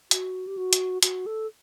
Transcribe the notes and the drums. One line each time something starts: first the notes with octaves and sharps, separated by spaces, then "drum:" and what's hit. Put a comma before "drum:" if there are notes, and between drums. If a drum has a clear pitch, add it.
F#4, drum: hi-hat
G4
F#4
drum: hi-hat
F#4, drum: hi-hat
A4